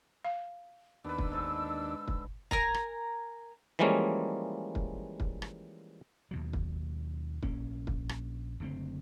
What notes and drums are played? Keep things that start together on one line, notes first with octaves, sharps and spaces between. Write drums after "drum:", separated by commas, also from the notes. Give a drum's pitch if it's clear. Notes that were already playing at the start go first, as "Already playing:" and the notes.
F5
D#2 B3 D4 B4 E6
drum: kick
G#2 D3
drum: kick
A#4 G#5 A#5, drum: kick
drum: rim click
E3 F3 G3 G#3 A#3 C#4
drum: kick
drum: kick
drum: rim click
D#2 B2 F#3
drum: kick
A#1 A#3 C#4, drum: kick
drum: kick
drum: rim click
F#1 D3 A3 C4